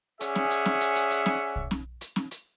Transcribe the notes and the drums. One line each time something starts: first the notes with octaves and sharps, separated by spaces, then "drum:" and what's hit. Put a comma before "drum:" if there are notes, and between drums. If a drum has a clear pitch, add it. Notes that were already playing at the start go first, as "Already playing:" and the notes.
C#4 G#4 C#5 D5 E5 F#5, drum: hi-hat
drum: snare
drum: hi-hat
drum: snare
drum: hi-hat
drum: hi-hat
drum: hi-hat
drum: snare
drum: kick
drum: snare
drum: hi-hat
drum: snare
drum: hi-hat